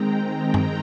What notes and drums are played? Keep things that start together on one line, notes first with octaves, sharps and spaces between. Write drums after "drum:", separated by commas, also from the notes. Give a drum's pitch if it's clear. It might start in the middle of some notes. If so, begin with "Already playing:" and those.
Already playing: D#3 G#3 C4 G5 A#5
drum: tom G2